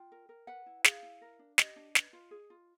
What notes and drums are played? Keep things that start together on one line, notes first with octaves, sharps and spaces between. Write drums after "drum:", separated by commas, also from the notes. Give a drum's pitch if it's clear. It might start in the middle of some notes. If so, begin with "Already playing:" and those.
Already playing: F4 G5
A#4
A#4
B4 F#5
E4
G#4 F5, drum: snare
E4
A#4
D4
G4 D#5, drum: snare
D4
B4, drum: snare
F4
G#4
F4